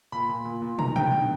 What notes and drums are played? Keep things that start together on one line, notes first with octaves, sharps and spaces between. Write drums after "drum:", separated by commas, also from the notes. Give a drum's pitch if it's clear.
A#2 B5
A#2
A#2
A#2
D#3 A#5, drum: tom
G2 G5, drum: tom
B2